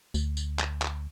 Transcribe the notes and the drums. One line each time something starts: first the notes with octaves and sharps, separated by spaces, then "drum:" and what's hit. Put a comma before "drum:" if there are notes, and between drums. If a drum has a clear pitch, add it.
D2, drum: tambourine
drum: tambourine
drum: clap
drum: clap